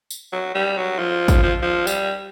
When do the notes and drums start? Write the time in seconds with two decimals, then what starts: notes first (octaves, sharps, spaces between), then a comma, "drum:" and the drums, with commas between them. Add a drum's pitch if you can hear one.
0.10 drum: tambourine
0.32 F#3
0.54 G3
0.77 F#3
0.99 F3
1.28 drum: kick, tambourine
1.43 F3
1.62 F3
1.87 G3, drum: tambourine